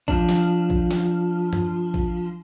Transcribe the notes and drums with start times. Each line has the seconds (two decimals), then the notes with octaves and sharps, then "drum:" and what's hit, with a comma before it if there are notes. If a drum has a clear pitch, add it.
0.08 F3 D4, drum: kick A#1
0.29 drum: snare
0.70 drum: kick A#1
0.91 drum: snare
1.53 drum: tom G2
1.94 drum: kick A#1